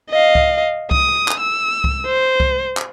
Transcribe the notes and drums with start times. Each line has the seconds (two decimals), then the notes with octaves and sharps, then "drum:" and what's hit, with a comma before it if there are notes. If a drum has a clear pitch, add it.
0.10 D#5 F5
0.35 drum: kick C2
0.91 D#6, drum: kick C2
1.28 drum: clap
1.40 E6
1.84 drum: kick C2
2.07 C5
2.40 drum: kick C2
2.77 drum: clap